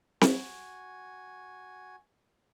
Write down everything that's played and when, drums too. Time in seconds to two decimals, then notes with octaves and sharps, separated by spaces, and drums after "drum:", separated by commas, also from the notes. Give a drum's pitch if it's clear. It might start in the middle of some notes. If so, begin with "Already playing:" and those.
0.21 F#4 G#5, drum: snare C4